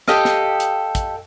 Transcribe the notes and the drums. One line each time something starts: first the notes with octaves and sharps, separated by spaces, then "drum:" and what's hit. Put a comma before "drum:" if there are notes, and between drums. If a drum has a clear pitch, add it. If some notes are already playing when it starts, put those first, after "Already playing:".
G4 A4 D#5 F5, drum: snare
drum: snare
drum: hi-hat
drum: kick, hi-hat